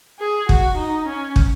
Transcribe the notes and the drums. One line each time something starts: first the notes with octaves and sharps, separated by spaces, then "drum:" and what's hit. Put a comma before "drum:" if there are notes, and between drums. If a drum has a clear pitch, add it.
G#4
F#4, drum: kick
D#4
C#4
drum: kick